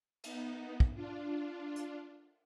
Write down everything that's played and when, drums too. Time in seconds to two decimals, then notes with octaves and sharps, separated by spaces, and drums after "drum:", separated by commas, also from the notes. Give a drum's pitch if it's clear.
0.24 B3 D#4, drum: cymbal
0.80 drum: kick
0.95 D4 F4
1.76 drum: hi-hat